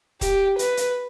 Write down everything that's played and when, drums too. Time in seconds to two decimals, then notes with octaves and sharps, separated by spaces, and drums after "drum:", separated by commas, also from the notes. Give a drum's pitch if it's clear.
0.21 G4, drum: kick D#1, hi-hat
0.59 B4, drum: hi-hat
0.77 drum: hi-hat